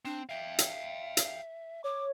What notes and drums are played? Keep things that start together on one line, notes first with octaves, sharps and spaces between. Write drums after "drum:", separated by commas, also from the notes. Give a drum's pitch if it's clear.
C4 D4
E5 F5 G5
drum: hi-hat
drum: hi-hat
C#5 D6